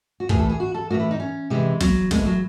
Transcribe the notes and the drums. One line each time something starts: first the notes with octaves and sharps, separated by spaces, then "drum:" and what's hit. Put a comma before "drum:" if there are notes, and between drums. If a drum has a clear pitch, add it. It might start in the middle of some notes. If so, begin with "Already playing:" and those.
F#4
A2 E3 G#4, drum: kick
A4
G#4
F#4
A4
A2 E3 F#4
E4
D#4
C#4
C3 E3 G#3
F#3, drum: snare
A2 E3 G#3, drum: snare
F#3